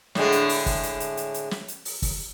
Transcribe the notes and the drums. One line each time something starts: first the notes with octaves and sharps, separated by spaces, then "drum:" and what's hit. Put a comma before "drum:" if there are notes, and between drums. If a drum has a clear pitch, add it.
A2 D3 G#3, drum: snare
drum: hi-hat
drum: open hi-hat
drum: kick, open hi-hat
drum: hi-hat
drum: hi-hat
drum: hi-hat
drum: hi-hat
drum: snare
drum: hi-hat
drum: open hi-hat
drum: kick, open hi-hat